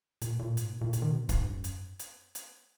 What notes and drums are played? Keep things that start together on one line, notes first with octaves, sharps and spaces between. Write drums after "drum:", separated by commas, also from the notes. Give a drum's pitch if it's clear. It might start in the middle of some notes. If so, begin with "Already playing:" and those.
A#2, drum: hi-hat
A#2
G#2, drum: hi-hat
A#2
A#2
A#2, drum: hi-hat
D#3
B2
A#2
G#2, drum: kick, hi-hat
F#2
drum: hi-hat
drum: hi-hat
drum: hi-hat